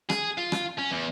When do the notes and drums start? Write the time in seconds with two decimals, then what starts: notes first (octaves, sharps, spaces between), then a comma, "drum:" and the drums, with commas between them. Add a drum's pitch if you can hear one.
0.10 G#4, drum: rim click
0.38 F4
0.52 drum: rim click
0.78 C#4
0.91 E2